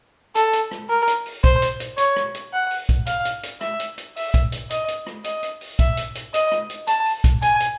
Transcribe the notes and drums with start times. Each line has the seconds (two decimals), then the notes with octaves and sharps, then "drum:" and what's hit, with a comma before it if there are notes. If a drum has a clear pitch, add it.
0.35 A4, drum: hi-hat
0.53 drum: hi-hat
0.71 drum: rim click
0.90 A#4
1.08 drum: hi-hat
1.26 drum: open hi-hat
1.44 C5, drum: kick B1, hi-hat
1.62 drum: hi-hat
1.80 drum: hi-hat
1.98 C#5, drum: hi-hat
2.16 drum: rim click
2.34 drum: hi-hat
2.53 F#5
2.71 drum: open hi-hat
2.89 drum: kick B1, hi-hat
3.06 F5, drum: hi-hat
3.25 drum: hi-hat
3.43 drum: hi-hat
3.61 E5, drum: rim click
3.80 drum: hi-hat
3.98 drum: hi-hat
4.16 E5, drum: open hi-hat
4.34 drum: kick B1, hi-hat
4.52 drum: hi-hat
4.70 D#5, drum: hi-hat
4.88 drum: hi-hat
5.06 drum: rim click
5.24 D#5, drum: hi-hat
5.43 drum: hi-hat
5.61 drum: open hi-hat
5.79 E5, drum: kick B1, hi-hat
5.97 drum: hi-hat
6.15 drum: hi-hat
6.34 D#5, drum: hi-hat
6.52 drum: rim click
6.70 drum: hi-hat
6.87 A5, drum: hi-hat
7.06 drum: open hi-hat
7.24 drum: kick B1, hi-hat
7.42 G#5, drum: hi-hat
7.60 drum: hi-hat